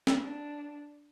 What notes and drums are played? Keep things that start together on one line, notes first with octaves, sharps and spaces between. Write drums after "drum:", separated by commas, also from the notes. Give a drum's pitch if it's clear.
drum: snare
D4